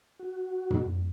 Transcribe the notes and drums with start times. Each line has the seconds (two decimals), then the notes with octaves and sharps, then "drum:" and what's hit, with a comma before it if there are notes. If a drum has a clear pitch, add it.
0.19 F#4
0.70 drum: tom